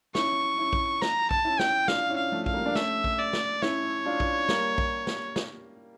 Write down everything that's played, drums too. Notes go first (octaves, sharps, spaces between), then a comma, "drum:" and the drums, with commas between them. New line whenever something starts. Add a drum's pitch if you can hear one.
C#4 E4 C#6, drum: snare
C#4 E4
drum: kick A#1
A#5, drum: snare
A5, drum: kick A#1
C#4 E4
G5, drum: snare
D4 F4 F5, drum: snare
C#4 E4
F5
F3 A3
F5, drum: kick A#1
G3 A#3
D4
A3 C#4 E5, drum: snare
drum: kick A#1
D5
drum: snare
C#4 E4 C#5, drum: snare
D4 F4
drum: kick A#1
G3 A#3, drum: snare
drum: kick A#1
drum: snare
drum: snare